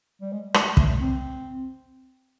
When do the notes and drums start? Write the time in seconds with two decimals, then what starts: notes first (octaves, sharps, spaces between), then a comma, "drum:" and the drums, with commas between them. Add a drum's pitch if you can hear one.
0.21 G3
0.32 G#3
0.54 G#3, drum: rim click
0.77 A3, drum: kick
0.99 C4